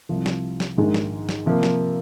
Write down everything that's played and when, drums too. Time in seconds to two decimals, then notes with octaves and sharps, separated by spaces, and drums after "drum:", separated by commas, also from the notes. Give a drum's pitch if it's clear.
0.09 C2 C3 F3
0.26 drum: snare
0.60 drum: snare
0.77 A#1 G#2 D#3 G#3
0.94 drum: snare
1.29 drum: snare
1.46 C3 F3 A#3
1.63 drum: snare